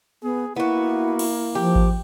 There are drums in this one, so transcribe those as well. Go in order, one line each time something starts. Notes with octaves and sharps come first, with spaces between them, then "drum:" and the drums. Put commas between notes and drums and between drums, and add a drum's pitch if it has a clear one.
B3 G#4
A#3 B3 E4 F#4
drum: cymbal
F3 G4
drum: kick G#1